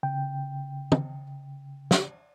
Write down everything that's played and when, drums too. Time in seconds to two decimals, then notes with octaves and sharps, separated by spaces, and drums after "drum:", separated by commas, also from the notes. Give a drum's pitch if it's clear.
0.03 C#3 G5
0.92 drum: tom
1.91 drum: snare